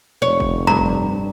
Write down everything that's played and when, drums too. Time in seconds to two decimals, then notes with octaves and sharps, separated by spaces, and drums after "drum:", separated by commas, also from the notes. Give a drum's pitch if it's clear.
0.22 F1 C#5
0.40 drum: kick
0.67 G2 A#5
0.77 drum: kick